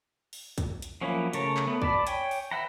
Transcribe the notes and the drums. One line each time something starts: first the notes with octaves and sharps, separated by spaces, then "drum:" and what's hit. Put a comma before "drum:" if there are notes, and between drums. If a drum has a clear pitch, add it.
drum: open hi-hat
drum: kick, hi-hat
drum: hi-hat
F3 F#3 A#3 C#4 E4
C#3 A3 A#4 C#5 A5, drum: hi-hat
drum: clap
A3 B3
D5 A5 B5, drum: kick
C#5 G5 G#5, drum: hi-hat
drum: open hi-hat
B4 E5 F#5 G5 A#5